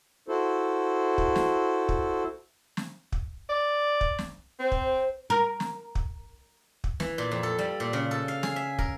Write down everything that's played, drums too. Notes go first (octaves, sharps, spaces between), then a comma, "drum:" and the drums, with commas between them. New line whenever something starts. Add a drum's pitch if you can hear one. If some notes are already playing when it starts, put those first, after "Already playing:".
E4 F#4 A4 C5
drum: kick
drum: snare
drum: kick
drum: snare
drum: kick
D5
drum: kick
drum: snare
C4 C5
drum: kick
A#4
drum: snare
drum: kick
drum: kick
E3, drum: snare
A#2
F2
A4
G3
A#2
C#3
A4
F5
G#4, drum: snare
E5
A#4, drum: kick